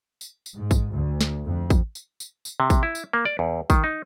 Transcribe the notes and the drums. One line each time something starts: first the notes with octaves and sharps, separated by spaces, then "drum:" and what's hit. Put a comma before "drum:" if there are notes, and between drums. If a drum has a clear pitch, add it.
drum: tambourine
drum: tambourine
G#2
drum: kick, tambourine
D2
drum: snare
F2
drum: kick, tambourine
drum: tambourine
drum: tambourine
drum: tambourine
C3
drum: kick, tambourine
E4
drum: tambourine
A#3
D5
E2
D#3, drum: kick, tambourine
D#4